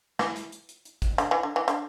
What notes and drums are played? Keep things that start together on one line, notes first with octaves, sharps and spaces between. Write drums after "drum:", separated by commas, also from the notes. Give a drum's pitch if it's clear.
E3, drum: snare
drum: hi-hat
drum: hi-hat
drum: hi-hat
drum: hi-hat
drum: kick, hi-hat
D3, drum: hi-hat
E3
D3
E3
D3, drum: hi-hat